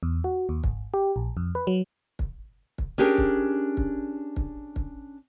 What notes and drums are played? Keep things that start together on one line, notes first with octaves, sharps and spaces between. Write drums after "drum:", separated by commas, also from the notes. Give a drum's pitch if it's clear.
E2
F#4
D#2
G#1, drum: kick
G4
A#1
F2
B4
F#3
drum: kick
drum: kick
C#4 D4 G4 G#4 A#4
drum: kick
drum: kick
drum: kick
drum: kick